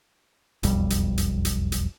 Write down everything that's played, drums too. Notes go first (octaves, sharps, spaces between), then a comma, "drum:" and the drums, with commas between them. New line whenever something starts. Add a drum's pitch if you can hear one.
E1 B1 F2 G3, drum: hi-hat
drum: hi-hat
drum: hi-hat
drum: hi-hat
drum: hi-hat